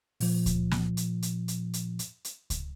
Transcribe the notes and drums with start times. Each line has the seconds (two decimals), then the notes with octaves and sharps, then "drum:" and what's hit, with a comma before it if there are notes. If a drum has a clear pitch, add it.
0.20 A#2 F3, drum: open hi-hat
0.46 drum: kick C#2, hi-hat
0.71 drum: snare
0.97 drum: hi-hat
1.22 drum: hi-hat
1.48 drum: hi-hat
1.73 drum: hi-hat
1.99 drum: hi-hat
2.25 drum: hi-hat
2.50 drum: kick C#2, hi-hat